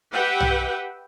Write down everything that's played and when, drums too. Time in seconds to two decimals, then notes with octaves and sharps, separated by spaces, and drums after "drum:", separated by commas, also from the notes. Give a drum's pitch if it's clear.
0.12 G4 B4 E5 F#5 G5
0.40 drum: tom B1